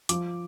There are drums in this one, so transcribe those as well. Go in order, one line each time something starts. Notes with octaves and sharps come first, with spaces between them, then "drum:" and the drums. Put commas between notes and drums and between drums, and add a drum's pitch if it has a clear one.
F3 D6, drum: hi-hat